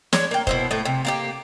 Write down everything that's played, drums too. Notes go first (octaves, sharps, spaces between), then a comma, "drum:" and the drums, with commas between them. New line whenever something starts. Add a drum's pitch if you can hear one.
G#3 D4 C#5, drum: snare
A#3 G5
B2 E4 C5, drum: kick
A2 A3
C3
A#3 D4 G4